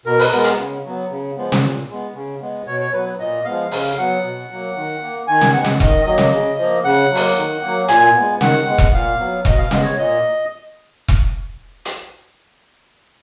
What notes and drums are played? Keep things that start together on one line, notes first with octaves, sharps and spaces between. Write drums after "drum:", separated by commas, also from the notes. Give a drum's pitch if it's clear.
B2 A#4
B4, drum: open hi-hat
G#3 B3 A#4
drum: hi-hat
C#3
F#3 B3
C#3
F3 G#3 B3
drum: snare
A#2
G#3 B3
C#3
G#3 B3
B2 C#5
C#5
F#3 B3 B4
A#2 D#5
F3 G#3 B3 F5
C#3 F5, drum: open hi-hat
F#3 B3 F#5
B2
F#3 A#3
D#3
A#3
D#3 G#5
drum: snare
G#3 B3 F#5
drum: snare
D#3 D#5, drum: kick E1
F#3 A#3 D#5
drum: snare
C#3
F3 A#3
C#3 F#5
F#3
A#3, drum: open hi-hat
D#3
F#3 A#3
A#2 G#5, drum: hi-hat
G#3 B3
D#3 F#5, drum: snare
G#3 B3
drum: kick E1
A#2 F5
F#3 B3
B2 D#5, drum: kick E1
F5
G#3 B3 D#5, drum: snare
C#5
A#2 D#5
drum: kick E1
drum: hi-hat